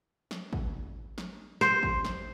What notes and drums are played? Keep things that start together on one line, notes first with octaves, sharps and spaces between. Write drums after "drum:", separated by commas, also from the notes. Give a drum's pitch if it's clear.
drum: snare
drum: kick
drum: snare
C5, drum: snare
drum: kick
drum: snare